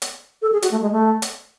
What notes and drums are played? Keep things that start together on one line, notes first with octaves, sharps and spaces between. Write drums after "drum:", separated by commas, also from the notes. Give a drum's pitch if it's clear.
drum: hi-hat
A4
G#4
F#4, drum: hi-hat
A3
G#3
A3
drum: hi-hat